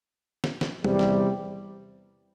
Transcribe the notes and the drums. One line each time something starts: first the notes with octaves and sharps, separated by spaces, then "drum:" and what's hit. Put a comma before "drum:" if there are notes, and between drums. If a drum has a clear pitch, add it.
drum: snare
drum: snare
E2 C3 G3, drum: tom
drum: snare